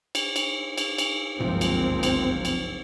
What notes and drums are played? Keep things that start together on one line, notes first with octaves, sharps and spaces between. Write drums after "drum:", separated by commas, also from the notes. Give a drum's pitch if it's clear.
drum: cymbal
drum: cymbal
drum: cymbal
drum: cymbal
G1 C#2 F#2 F3 A#3 C4, drum: tom G2
drum: cymbal
drum: cymbal
drum: cymbal